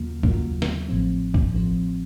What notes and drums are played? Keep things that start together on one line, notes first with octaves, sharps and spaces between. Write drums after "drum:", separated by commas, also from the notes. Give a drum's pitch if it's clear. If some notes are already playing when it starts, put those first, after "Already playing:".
Already playing: D#2 C#3 F#3 A#3 F4
D#2 C#3 F#3 A#3 F4, drum: kick F#1
drum: snare
A1 A2 F3 C4
drum: kick F#1
A1 A2 F3 C4